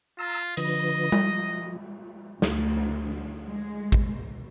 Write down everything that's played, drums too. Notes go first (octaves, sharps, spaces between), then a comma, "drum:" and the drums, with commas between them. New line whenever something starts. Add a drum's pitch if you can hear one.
F4 A#5 E6
D3 F3 B4 D#5, drum: hi-hat
drum: tom G3
F3
D2, drum: snare
G#3
drum: kick A1